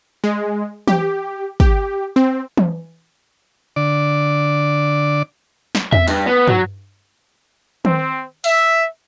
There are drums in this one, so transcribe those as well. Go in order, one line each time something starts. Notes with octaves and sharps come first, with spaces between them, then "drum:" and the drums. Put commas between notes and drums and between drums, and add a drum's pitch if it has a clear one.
G#3
G4, drum: tom E3
G4, drum: kick
C4
drum: tom E3
D3 D5
drum: snare
E5, drum: tom E2
G2, drum: open hi-hat
B3
F#3, drum: tom G2
C4, drum: tom D#3
E5, drum: open hi-hat